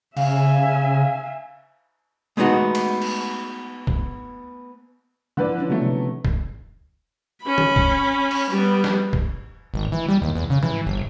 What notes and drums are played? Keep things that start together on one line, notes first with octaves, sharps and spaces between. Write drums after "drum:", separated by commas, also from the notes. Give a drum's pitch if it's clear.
C#3 E5 F5 G#5, drum: cymbal
G#3 A3 B3 D#4 F#4
drum: cymbal
drum: cymbal
drum: kick
D3 E3 F3 B4 D5
C#4 D4
D3 F#3 A3 B3
C3
drum: kick
C#4 B5
drum: tom D3
drum: kick
drum: cymbal
G3 B3
drum: snare
drum: kick
G#1
E3
G3
D#2
E2
C#3
E3, drum: tom
G1